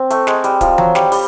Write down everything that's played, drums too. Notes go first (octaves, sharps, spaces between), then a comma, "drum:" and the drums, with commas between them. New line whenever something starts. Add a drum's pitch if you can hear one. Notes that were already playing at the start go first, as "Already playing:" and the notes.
Already playing: C4
A3, drum: hi-hat
G#3, drum: snare
G3, drum: hi-hat
F3, drum: kick D1, hi-hat
F#3, drum: tom E3
G3, drum: snare
G3, drum: open hi-hat